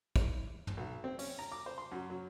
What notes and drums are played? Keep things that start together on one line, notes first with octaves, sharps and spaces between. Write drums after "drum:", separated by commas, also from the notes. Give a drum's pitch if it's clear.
drum: kick, hi-hat
drum: tom
B1
C4
C#4, drum: open hi-hat
A#5
D6
C5
C6
F#2
F#3